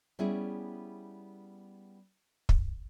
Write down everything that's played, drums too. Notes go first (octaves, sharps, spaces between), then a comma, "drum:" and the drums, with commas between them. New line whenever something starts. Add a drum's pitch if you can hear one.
G3 B3 C#4 E4 G#4
drum: kick